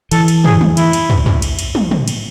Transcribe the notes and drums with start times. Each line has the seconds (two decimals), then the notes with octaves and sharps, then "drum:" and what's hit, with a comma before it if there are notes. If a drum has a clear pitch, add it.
0.12 E3 A4, drum: cymbal
0.28 drum: cymbal
0.44 G#4, drum: tom
0.61 drum: tom
0.77 E4, drum: cymbal
0.93 drum: cymbal
1.10 drum: tom
1.26 drum: tom
1.42 drum: cymbal
1.59 drum: cymbal
1.75 drum: tom
1.91 drum: tom
2.08 drum: cymbal